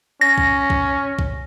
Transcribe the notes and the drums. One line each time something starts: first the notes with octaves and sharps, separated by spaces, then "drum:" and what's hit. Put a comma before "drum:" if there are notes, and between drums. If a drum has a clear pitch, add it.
C#4 A#6
drum: kick B1
drum: kick B1
drum: kick B1